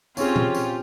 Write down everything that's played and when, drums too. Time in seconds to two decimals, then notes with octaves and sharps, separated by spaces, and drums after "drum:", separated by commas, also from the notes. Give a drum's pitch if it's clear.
0.17 C4 C#4 F4 G4 G#4 C#5, drum: tambourine
0.36 drum: tom A#2
0.55 drum: tambourine